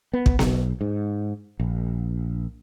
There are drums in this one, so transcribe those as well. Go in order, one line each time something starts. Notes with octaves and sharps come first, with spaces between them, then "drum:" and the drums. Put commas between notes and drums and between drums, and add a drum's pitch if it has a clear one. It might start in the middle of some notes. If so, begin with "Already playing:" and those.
B3
drum: kick
B1, drum: snare B3
G#2
A#1